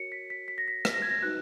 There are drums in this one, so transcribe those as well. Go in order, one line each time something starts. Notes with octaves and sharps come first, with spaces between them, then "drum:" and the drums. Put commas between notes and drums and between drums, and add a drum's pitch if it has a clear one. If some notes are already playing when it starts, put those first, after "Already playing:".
Already playing: F#4 A#4 C#5 C#7
B6
B6
B6
A#6
B6
B6, drum: rim click
A#6
G#6
A#6
D#4 F#4 B4 F#6